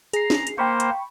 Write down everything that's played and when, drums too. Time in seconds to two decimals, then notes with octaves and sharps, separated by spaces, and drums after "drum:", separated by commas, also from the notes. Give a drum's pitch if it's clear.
0.13 G#4 A#5 C7, drum: hi-hat
0.30 drum: snare
0.47 drum: hi-hat
0.58 A#3 C5 G5 B5 C#6
0.80 drum: hi-hat